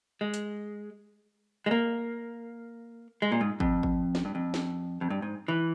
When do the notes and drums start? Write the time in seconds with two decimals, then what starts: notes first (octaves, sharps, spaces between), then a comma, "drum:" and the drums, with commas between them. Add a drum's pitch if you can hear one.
0.21 G#3
0.34 drum: hi-hat
1.66 G#3
1.71 A#3
3.22 G#3
3.32 A#2
3.41 G#2
3.60 F2, drum: kick G#1
3.83 drum: kick G#1
4.15 drum: snare
4.25 G2
4.35 F2
4.54 drum: snare
5.01 F2
5.10 G2
5.22 G#2
5.48 E3